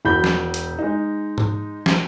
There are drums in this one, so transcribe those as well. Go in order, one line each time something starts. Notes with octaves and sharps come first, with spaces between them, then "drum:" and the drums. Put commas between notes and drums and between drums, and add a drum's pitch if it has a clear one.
E1 F#4 B5 G6
drum: snare
drum: hi-hat
G#3 D#4
drum: tom G#2
drum: snare